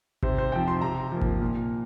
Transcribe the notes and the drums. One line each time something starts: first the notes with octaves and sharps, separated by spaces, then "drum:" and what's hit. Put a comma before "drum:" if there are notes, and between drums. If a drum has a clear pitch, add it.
C3 C5, drum: kick G#1
C5
F3 C4 G5
C6
C3 A#5
F3 A#3
drum: kick G#1
A#2